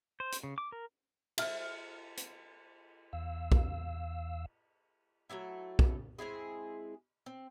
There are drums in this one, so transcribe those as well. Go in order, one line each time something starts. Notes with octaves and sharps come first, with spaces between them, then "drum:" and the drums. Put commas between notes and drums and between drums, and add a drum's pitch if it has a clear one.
C5
drum: hi-hat
C#3
D6
A#4
E5 F6, drum: cymbal
drum: hi-hat
E2 F5 E6
drum: kick B1
F#3 A3 B3 E4
drum: kick B1
G#3 C4 E4 G#4
C4